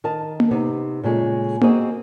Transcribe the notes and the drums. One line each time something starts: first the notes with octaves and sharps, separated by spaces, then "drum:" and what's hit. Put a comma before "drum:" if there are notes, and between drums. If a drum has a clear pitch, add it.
D#3 A#4 D#5 A5
drum: tom A#3
C3 B3 D#4
A#2 C#3 G#3 A3
A#3 C4 F#4 G#4 D#5, drum: tom A#3